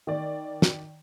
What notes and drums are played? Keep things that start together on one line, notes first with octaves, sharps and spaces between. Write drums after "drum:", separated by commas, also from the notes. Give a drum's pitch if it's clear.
D#3 D5
drum: snare